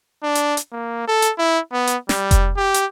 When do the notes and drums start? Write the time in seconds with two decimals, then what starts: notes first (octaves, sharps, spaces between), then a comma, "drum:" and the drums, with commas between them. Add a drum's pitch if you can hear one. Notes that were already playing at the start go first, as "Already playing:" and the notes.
0.23 D4
0.35 drum: hi-hat
0.57 drum: hi-hat
0.72 A#3
1.08 A4
1.22 drum: hi-hat
1.38 E4
1.73 B3
1.87 drum: hi-hat
2.09 G3, drum: snare
2.31 drum: kick F1, hi-hat
2.57 G4
2.74 drum: hi-hat